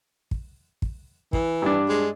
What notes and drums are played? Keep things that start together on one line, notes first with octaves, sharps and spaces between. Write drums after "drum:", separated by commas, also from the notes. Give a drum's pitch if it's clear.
drum: kick
drum: kick
E3, drum: kick
G2 D4
G#3